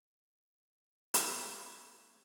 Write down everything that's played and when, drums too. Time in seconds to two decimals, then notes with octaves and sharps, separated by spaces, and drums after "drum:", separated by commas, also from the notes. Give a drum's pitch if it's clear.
1.14 A3 B3 C#4 E4 C#5 E5, drum: hi-hat